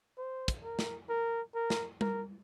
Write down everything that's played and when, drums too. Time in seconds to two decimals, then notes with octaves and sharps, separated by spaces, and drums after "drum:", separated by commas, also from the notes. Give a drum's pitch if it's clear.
0.18 C5
0.48 drum: kick, hi-hat
0.64 A#4
0.79 drum: snare
1.09 A#4
1.55 A#4
1.70 drum: snare
2.01 A#4, drum: tom G3